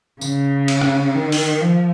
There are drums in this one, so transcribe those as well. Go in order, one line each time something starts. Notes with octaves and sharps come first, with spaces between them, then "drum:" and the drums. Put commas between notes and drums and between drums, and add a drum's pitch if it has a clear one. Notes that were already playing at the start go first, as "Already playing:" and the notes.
C#3, drum: tambourine
drum: cymbal
drum: rim click
D#3
drum: open hi-hat
F3